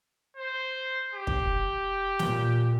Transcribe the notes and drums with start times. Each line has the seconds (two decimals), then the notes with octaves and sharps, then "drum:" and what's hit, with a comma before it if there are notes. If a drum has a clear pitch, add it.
0.37 C5
1.15 G4
1.27 drum: kick
2.19 A#2, drum: snare